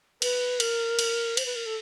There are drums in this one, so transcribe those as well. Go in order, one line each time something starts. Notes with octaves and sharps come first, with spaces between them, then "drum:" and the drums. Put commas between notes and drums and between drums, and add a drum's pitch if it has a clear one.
B4, drum: cymbal
A#4, drum: cymbal
drum: cymbal
C5, drum: cymbal
B4
A#4
A4